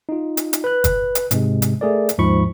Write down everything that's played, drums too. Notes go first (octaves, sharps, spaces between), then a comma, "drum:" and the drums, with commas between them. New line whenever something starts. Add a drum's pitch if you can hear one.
D#4 F4
drum: hi-hat
drum: hi-hat
B4 F#6
drum: kick, hi-hat
drum: hi-hat
G#2 C3 G#3, drum: hi-hat
drum: hi-hat
A3 G#4 A#4 D5
drum: hi-hat
D#2 G#2 F3 B5 C#6